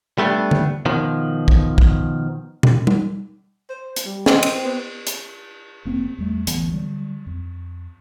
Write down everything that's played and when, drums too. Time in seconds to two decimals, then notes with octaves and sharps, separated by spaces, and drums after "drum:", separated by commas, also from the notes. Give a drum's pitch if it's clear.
0.18 G3 A3 B3 D4
0.51 drum: tom D3
0.86 B2 D#3 F3
1.48 drum: kick
1.78 drum: kick
2.63 drum: tom B2
2.87 drum: tom G3
3.70 C5
3.96 drum: hi-hat
4.06 G3
4.26 C4 D#5, drum: snare
4.43 drum: cymbal
4.65 B3
5.07 drum: hi-hat
5.85 F1 A#3 C4
6.18 E2 G3 A3
6.47 A1 D2 E3 B3, drum: hi-hat
6.73 D3 F#3 G3
7.26 F2